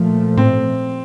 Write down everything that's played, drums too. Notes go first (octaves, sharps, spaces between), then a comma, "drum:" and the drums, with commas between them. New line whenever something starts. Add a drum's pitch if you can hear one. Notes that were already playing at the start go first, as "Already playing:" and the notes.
Already playing: A#2 F3 A3
C4, drum: tom G#2